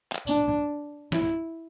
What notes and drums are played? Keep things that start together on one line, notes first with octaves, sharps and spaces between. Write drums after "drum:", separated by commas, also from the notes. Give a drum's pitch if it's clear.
drum: clap
D4, drum: tambourine
E4, drum: snare